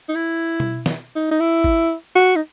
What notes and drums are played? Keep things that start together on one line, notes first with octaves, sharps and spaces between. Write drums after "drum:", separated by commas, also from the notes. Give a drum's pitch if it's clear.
D#4
E4
drum: tom B2
drum: snare
D#4
D#4
E4
drum: kick G#1
F#4
D#4